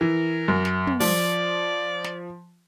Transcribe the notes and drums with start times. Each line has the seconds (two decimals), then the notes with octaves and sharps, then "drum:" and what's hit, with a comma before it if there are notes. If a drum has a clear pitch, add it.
0.01 E3 A#4
0.48 F#2
0.65 drum: snare
0.87 drum: tom
1.00 F3 D5, drum: open hi-hat
2.04 drum: snare